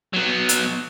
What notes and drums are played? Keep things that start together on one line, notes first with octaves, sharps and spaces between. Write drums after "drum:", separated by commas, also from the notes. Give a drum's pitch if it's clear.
F#3 B3
drum: hi-hat